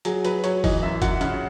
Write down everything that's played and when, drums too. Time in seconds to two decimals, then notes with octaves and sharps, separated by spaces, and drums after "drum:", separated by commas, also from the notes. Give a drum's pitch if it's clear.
0.05 F#3 G#4, drum: hi-hat
0.25 F#3 B4, drum: hi-hat
0.44 F#3 C#5, drum: hi-hat
0.64 E3 D#5, drum: kick F1, open hi-hat
0.83 F#2 E5
1.02 F#2 F#5, drum: kick F1, hi-hat
1.21 C#3 F#5, drum: hi-hat